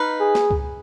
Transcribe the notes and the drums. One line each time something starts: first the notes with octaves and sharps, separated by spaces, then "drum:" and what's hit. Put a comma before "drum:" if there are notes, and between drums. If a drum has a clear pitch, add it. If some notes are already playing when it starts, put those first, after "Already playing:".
Already playing: D#4 B4 F5
G#4
drum: snare
drum: kick C#2